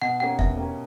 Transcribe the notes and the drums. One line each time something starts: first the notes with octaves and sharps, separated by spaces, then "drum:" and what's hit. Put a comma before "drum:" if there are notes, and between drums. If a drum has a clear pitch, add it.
B2 F#5
A#3 C#4 G4 F#5
B2 E5, drum: kick E2
A#3 C#4 G4